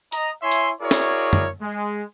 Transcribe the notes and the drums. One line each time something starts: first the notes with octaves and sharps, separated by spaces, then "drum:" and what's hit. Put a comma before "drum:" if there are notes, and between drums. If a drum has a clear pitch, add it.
D#5 A#5, drum: hi-hat
E4 C#5 E5 G#5 C6
drum: hi-hat
E4 F#4 G#4 A#4 C#5 D5
drum: snare
drum: tom
G#3